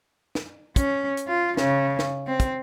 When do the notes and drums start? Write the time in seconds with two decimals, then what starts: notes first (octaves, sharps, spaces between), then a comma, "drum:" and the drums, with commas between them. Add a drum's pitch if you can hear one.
0.35 drum: snare
0.76 C#4, drum: kick, hi-hat
1.17 drum: hi-hat
1.28 F4
1.57 C#3, drum: snare
1.99 drum: snare
2.27 C4
2.40 drum: kick, hi-hat